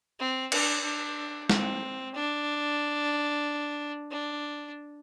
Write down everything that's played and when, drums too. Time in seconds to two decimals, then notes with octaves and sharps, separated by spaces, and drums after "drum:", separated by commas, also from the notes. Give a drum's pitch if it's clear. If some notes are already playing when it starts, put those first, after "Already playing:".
0.19 C4
0.52 D4, drum: cymbal
0.84 D4
1.50 C4, drum: snare
2.14 D4
4.10 D4